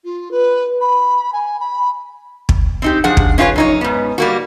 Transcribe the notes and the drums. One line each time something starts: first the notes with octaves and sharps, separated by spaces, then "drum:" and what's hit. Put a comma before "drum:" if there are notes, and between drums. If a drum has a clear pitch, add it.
F4
B4
B5
G#5
B5
drum: kick
C4 D#4 G4
F3 D4 G#4 F#5
drum: kick
C#4 D#4 F4 F#4 B4 C#5
F#2 D#4 C#5
G#2 B3
G3 A#3 F#4